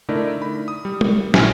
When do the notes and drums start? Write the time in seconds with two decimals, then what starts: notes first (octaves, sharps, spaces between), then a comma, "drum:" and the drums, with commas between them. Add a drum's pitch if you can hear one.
0.09 D3 A3 D#4 E4 A#4 D5
0.42 B5
0.68 D#6
0.85 G3
1.01 drum: tom
1.34 A#1 E4 G#5 F6, drum: snare